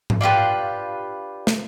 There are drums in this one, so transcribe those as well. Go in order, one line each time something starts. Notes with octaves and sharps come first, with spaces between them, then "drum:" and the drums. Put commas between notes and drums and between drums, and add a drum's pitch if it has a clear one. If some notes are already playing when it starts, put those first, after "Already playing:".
drum: tom G#2
D4 F4 G4 B4
drum: snare